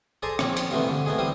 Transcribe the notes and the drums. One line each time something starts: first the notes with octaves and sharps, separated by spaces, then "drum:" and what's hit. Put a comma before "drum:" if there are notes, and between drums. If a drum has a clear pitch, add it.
G#4 A4 C5 D5 G#5 A#5
A#1 D#3 C4 C#5, drum: rim click
drum: hi-hat
G2 B2 E3 A3 B3 C4
D3
A3 B3 D#4 G#4
E3 G3 C4 C5 D#6